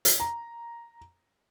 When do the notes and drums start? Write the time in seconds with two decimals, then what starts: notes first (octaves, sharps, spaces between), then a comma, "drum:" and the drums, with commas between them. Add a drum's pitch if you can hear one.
0.05 drum: hi-hat
0.20 A#5